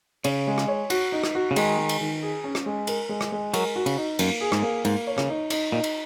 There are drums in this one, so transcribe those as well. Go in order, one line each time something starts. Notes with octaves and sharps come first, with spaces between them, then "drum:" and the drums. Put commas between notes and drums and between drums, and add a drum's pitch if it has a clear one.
C#3 C#5, drum: cymbal
G#3
drum: rim click
C#5
F#4, drum: cymbal
D#4
drum: rim click
F#4
C#3
D#3 G#3, drum: cymbal
G#3
drum: cymbal
D#3
G#4
C#4
drum: rim click
G#3
A#4, drum: cymbal
G#3
drum: rim click
G#3
F#3 A#4, drum: cymbal
F#4
C#3, drum: cymbal
D#4
F#2 A#3, drum: cymbal
G#4
G#2, drum: rim click
A#3
G#2 A#3, drum: cymbal
C#5
C#3, drum: rim click
D#4
D#4, drum: cymbal
A#2 D#4
drum: cymbal